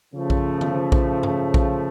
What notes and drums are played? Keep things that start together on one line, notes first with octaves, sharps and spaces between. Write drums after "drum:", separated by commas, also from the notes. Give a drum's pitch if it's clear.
C#3 F3 A3
drum: kick A#1
drum: tom D3
drum: kick A#1
drum: tom G2
drum: kick A#1